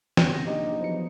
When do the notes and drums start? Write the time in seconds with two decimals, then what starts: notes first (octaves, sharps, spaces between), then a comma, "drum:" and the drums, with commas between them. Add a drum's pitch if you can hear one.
0.17 E1 F#6 G6, drum: snare
0.31 C3 F#5 A#6
0.47 A#1 D#4 G4
0.80 E2 F3 F#3 C#7